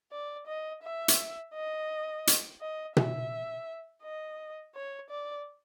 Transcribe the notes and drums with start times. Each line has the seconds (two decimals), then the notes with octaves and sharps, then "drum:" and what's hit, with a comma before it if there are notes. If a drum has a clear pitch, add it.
0.12 D5
0.47 D#5
0.83 E5
1.08 drum: hi-hat
1.54 D#5
2.27 drum: hi-hat
2.61 D#5
2.97 E5, drum: tom B2
4.03 D#5
4.75 C#5
5.10 D5